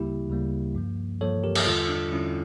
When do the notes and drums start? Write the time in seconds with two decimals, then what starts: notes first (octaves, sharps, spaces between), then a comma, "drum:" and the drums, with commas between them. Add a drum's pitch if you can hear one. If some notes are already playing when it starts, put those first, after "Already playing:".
Already playing: D2 C#3 G3 A#3 E4 G4
0.30 D2 C#3 G3 A#3
0.75 G2 F3 A#3
1.20 G2 F3 A#3 A4 C#5
1.44 G4 A#4
1.55 drum: cymbal
1.66 E2 D3 G3 F4 A4
1.89 D4
2.12 E2 D3 G3 C#4 E4